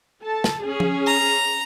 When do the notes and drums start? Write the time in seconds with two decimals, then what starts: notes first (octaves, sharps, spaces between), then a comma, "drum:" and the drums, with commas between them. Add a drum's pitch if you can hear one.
0.24 A4 A5
0.44 drum: snare
0.61 C#4 G#4
0.80 drum: tom F3
1.07 A#5